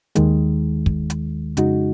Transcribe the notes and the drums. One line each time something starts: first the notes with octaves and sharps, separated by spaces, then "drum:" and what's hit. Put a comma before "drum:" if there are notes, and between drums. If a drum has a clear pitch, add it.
D#2 D#3 G#3, drum: hi-hat
drum: kick
drum: hi-hat
F2 C#3 G#3 D#4 F#4, drum: hi-hat